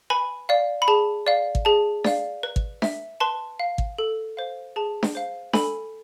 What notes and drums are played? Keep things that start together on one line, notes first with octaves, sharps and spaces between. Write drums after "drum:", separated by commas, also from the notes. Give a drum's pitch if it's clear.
B4 G#5 B5
D5 F5
B5
G#4 A5
D5 F5
drum: kick
G#4 A5
D5 F5, drum: snare D4
B4
drum: kick
E5, drum: snare D4
B4 A5 C6
F5
drum: kick
A4
C5 F5
G#4 A5
drum: snare D4
C5 F5
A4 G#5 B5, drum: snare D4